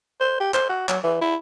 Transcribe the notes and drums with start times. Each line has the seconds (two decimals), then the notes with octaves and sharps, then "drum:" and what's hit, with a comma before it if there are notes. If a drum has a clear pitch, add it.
0.21 C5
0.40 G4
0.54 C5, drum: clap
0.69 F#4
0.89 F#3, drum: clap
1.04 E3
1.21 E4